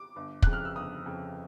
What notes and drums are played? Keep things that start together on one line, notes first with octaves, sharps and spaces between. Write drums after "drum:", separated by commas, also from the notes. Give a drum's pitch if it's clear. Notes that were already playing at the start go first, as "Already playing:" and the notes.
Already playing: D6
G1
F2 C#3 F#6, drum: kick
F6
E6
G1 D#6
F2 C#3